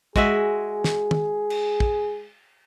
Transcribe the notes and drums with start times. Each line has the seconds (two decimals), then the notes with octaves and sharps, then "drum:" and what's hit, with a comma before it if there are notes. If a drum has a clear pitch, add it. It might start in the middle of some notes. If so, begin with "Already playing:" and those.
0.16 G#3 F#4 G#4 E5, drum: kick
0.84 drum: snare
1.11 drum: tom
1.50 drum: cymbal
1.80 drum: kick